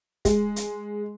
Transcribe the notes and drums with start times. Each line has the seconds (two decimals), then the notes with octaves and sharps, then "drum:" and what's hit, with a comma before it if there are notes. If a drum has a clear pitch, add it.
0.25 G#3, drum: kick, hi-hat
0.56 drum: hi-hat